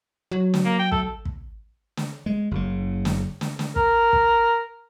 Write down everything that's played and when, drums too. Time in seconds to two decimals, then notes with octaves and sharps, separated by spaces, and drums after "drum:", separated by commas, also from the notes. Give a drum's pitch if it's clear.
0.32 F#3
0.54 drum: snare
0.65 A#3
0.79 G5
0.92 A4, drum: kick
1.25 drum: kick
1.97 drum: snare
2.26 G#3
2.51 F#1 C#3
3.05 drum: snare
3.41 drum: snare
3.59 drum: snare
3.76 A#4, drum: kick
4.13 drum: kick